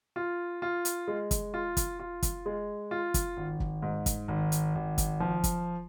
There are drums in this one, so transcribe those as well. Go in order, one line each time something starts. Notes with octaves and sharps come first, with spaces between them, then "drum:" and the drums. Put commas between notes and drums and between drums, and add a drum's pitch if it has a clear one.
F4
F4
drum: hi-hat
G#3
drum: kick, hi-hat
F4
drum: kick, hi-hat
F4
drum: kick, hi-hat
G#3
F4
drum: kick, hi-hat
G#1
drum: kick
G#2
drum: kick, hi-hat
G#1
drum: hi-hat
G#1
drum: kick, hi-hat
F3
drum: kick, hi-hat